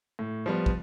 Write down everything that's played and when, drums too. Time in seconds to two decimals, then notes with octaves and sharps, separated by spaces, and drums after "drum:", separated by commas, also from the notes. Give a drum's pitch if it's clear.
0.19 A2
0.46 F3 G3 B3
0.66 drum: kick